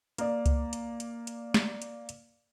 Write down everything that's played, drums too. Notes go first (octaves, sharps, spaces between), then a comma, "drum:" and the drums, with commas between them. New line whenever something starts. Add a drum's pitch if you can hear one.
A#3 D5, drum: hi-hat
drum: kick C#2, hi-hat
drum: hi-hat
drum: hi-hat
drum: hi-hat
drum: snare
drum: hi-hat
drum: hi-hat